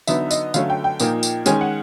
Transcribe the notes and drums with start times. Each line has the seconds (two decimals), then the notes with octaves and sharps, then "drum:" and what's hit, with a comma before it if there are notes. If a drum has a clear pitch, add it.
0.07 D3 F#3 B3 D#4 E5, drum: tambourine
0.31 D#5, drum: tambourine
0.54 D3 F#3 A3 C#4 F5, drum: tambourine
0.70 G5
0.84 G5
1.00 A#2 F3 A#3 D#4, drum: tambourine
1.23 drum: tambourine
1.46 D#3 G#3 C#4 G#5, drum: tambourine
1.61 F#5